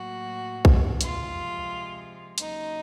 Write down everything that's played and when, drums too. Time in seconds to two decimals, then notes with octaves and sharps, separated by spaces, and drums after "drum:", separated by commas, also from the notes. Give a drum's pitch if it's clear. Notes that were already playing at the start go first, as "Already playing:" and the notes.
Already playing: A2 F#3 A#3 F#4
0.65 drum: kick
1.01 C3 F3 G#3 F4, drum: hi-hat
2.38 D#2 C#3 F#3 D#4, drum: hi-hat